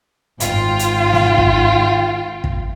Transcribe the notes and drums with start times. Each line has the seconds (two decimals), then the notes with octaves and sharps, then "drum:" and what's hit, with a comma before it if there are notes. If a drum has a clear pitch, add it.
0.40 G#1 F4 G5, drum: hi-hat
0.79 drum: hi-hat
1.12 drum: snare
1.38 drum: kick
2.44 drum: kick